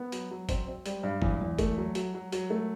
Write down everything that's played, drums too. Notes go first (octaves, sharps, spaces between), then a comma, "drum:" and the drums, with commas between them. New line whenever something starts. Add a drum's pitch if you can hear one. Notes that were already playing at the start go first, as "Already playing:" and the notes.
Already playing: B3
F#3, drum: hi-hat
F#3
C4, drum: kick, hi-hat
C4
G3, drum: hi-hat
G2
E2, drum: kick
E2
A3, drum: kick, hi-hat
F#3
F#3, drum: hi-hat
F#3
F#3, drum: hi-hat
A3